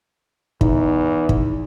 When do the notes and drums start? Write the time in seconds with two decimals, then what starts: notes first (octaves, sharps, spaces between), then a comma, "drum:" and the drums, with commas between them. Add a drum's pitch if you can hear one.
0.61 E2 D#4, drum: kick
1.29 drum: kick